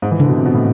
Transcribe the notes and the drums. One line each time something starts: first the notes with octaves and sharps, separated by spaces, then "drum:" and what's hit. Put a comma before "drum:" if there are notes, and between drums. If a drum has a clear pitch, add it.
G#2
E3
D3, drum: tom C3
B2
C3
B2
A2